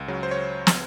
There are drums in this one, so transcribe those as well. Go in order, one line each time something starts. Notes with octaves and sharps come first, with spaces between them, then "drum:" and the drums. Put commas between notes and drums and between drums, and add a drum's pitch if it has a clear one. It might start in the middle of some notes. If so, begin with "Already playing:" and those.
Already playing: C#2
C#3 F#3
C5
C#5
drum: snare